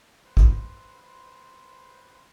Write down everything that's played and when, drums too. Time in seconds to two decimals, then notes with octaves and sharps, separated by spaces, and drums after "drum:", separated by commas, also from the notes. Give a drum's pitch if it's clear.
0.25 B4 C5 C6
0.37 drum: kick